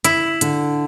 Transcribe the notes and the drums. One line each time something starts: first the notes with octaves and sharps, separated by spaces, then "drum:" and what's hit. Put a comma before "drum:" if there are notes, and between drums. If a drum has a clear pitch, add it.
E4, drum: hi-hat
D3, drum: hi-hat